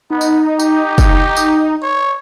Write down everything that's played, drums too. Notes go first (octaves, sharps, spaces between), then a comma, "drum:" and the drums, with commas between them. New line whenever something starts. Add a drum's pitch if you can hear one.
B3 D#4
drum: tambourine
G4, drum: tambourine
drum: kick, tambourine
drum: tambourine
C#5